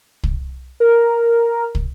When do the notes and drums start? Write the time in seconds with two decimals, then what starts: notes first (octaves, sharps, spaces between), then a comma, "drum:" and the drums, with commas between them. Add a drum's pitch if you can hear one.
0.23 drum: kick
0.80 A#4
1.75 drum: kick